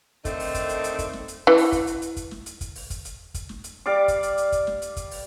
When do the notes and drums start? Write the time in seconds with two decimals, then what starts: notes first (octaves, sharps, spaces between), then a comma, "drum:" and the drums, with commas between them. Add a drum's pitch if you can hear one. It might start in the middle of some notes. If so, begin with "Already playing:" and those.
0.25 D3 D#3 A3 C4 D#4, drum: kick, hi-hat
0.40 drum: open hi-hat
0.54 drum: kick, hi-hat
0.69 drum: hi-hat
0.84 drum: hi-hat
0.99 drum: kick, hi-hat
1.13 drum: snare
1.28 drum: hi-hat
1.47 E3
1.58 drum: open hi-hat
1.72 drum: kick, hi-hat
1.87 drum: hi-hat
2.02 drum: hi-hat
2.17 drum: kick, hi-hat
2.31 drum: snare
2.46 drum: hi-hat
2.61 drum: kick, hi-hat
2.75 drum: open hi-hat
2.90 drum: kick, hi-hat
3.05 drum: hi-hat
3.34 drum: kick, hi-hat
3.49 drum: snare
3.64 drum: hi-hat
3.86 G3 D5 F5 D6
4.08 drum: kick, hi-hat
4.23 drum: hi-hat
4.38 drum: hi-hat
4.52 drum: kick, hi-hat
4.67 drum: snare
4.82 drum: hi-hat
4.96 drum: kick, hi-hat
5.11 drum: open hi-hat